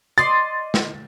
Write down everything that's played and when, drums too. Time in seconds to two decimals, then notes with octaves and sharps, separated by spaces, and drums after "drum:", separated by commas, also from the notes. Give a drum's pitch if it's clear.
0.18 D5 D#5 C6 A6
0.74 drum: snare